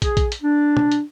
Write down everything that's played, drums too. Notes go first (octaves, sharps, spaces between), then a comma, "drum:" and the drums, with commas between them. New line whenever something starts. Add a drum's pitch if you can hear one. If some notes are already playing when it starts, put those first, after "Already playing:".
G#4, drum: kick, hi-hat
drum: kick, hi-hat
drum: hi-hat
D4
drum: tom
drum: hi-hat